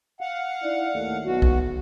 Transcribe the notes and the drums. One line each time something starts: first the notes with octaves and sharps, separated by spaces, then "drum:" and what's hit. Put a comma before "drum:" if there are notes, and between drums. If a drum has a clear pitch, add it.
F5 F#5
D#4 E4 D5
D#2 A2 A3
B1 B2 F#4
drum: kick B1